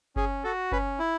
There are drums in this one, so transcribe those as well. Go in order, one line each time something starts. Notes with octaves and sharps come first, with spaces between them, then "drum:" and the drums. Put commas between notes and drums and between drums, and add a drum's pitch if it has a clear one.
C#4 G#4, drum: kick F#1
F#4 A4
C#4 B4, drum: kick F#1
E4